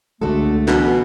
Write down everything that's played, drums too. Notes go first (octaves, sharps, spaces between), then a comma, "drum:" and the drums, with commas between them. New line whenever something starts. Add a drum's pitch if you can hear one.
C#2 D3 G#3 A3 D4 F#4 A4
B2 E3 B3 C#4, drum: snare